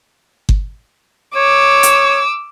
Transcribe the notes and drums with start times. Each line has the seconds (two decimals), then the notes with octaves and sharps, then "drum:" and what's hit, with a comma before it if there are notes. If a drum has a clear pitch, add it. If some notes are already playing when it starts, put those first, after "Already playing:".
0.49 drum: kick G1
1.36 C#5 D6 E6
1.83 drum: hi-hat